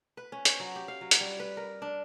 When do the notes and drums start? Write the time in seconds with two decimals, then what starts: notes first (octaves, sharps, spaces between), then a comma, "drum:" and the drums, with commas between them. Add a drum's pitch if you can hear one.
0.17 B4
0.32 C#4
0.45 C#5, drum: hi-hat
0.60 F#3
0.76 G4
0.88 F5
1.01 F#3
1.11 drum: hi-hat
1.21 G3
1.40 B4
1.57 A#4
1.82 D4